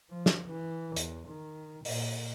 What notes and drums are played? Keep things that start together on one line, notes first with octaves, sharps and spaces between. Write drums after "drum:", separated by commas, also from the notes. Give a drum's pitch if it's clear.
F3
drum: snare
E3
E2, drum: hi-hat
D#3
A#2, drum: open hi-hat